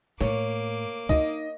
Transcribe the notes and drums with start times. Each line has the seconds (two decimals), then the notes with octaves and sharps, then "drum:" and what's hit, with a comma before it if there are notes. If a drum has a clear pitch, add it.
0.21 A2 A#3 C#5 D6, drum: snare
1.09 D#4 D#5, drum: kick C2